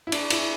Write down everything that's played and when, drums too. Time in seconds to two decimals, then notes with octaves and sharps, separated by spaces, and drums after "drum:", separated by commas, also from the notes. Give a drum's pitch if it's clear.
0.07 E4
0.12 D4, drum: cymbal
0.30 E4, drum: cymbal